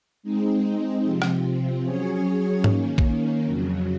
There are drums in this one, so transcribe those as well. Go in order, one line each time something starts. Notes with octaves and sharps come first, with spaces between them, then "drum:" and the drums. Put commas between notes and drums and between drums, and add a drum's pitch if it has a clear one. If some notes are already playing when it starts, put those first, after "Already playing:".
G#3 C4 D#4
C3 F3 C4
drum: rim click
F#3 C#4 G#4 C#5
D#3 A#3 C#4, drum: tom G#2
drum: kick A#1
F2 C#3 F#3